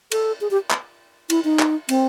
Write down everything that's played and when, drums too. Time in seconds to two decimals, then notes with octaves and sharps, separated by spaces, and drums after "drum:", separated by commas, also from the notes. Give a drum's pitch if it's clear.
0.12 A4, drum: cymbal
0.41 G#4
0.51 G4
0.71 drum: clap
1.30 E4, drum: cymbal
1.44 D#4
1.59 drum: clap
1.89 C4, drum: cymbal